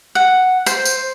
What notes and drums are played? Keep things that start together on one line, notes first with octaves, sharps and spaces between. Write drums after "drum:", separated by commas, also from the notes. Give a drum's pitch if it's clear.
F#5
C5, drum: tambourine
drum: tambourine